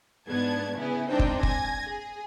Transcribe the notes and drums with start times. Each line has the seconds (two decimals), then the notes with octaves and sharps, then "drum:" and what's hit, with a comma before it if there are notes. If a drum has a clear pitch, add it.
0.28 G#2 B3 D4 A5 G#6
0.77 C#3 B3 E4 G#4
1.09 G#3 C4 D4 D#4 C5 G5
1.19 drum: kick
1.43 G#5 G#6 A#6, drum: kick
1.86 G#4